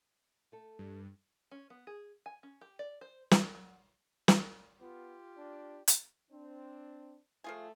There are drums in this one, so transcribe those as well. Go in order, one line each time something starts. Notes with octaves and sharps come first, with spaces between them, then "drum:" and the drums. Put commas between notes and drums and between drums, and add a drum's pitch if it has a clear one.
A3 A4
G2
C#4
B3
G#4
G#5
C#4
G4
D5
C5
C#5, drum: snare
F#3
drum: snare
B3 F4 G4
D4
drum: hi-hat
C4 D4
F3 A3 F4 G#4